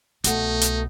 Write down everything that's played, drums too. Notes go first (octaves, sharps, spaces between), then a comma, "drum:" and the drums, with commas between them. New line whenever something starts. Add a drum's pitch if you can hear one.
C2 B2 A3 D#4 F#5, drum: hi-hat
drum: hi-hat